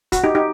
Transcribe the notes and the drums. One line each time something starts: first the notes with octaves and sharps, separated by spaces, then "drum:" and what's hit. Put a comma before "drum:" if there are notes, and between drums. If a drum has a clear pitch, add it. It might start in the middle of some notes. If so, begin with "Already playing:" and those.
F#4, drum: kick, hi-hat
D#4 G4
D#4 G4